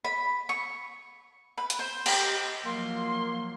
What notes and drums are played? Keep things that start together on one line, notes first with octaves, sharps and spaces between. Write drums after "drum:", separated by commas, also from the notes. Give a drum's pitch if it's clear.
B5
C#6
B4
drum: hi-hat
C5
G4, drum: cymbal
F3 F#3 A#3 C6